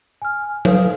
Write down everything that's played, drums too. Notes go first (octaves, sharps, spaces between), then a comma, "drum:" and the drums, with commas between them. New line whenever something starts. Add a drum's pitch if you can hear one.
G#5 F6
A4 B4 F5 D#6, drum: tom F#3